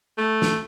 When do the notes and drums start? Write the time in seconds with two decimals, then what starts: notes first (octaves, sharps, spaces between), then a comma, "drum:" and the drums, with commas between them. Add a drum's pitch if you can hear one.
0.18 A3
0.42 drum: snare